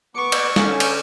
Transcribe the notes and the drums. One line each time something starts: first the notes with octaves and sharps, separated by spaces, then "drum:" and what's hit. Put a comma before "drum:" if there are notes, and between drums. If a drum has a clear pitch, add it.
B3 C#6 D6
drum: cymbal
D3 C#4, drum: snare
drum: cymbal